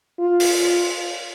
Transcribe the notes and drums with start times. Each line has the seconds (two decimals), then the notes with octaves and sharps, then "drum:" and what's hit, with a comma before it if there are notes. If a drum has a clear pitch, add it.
0.20 F4
0.40 drum: open hi-hat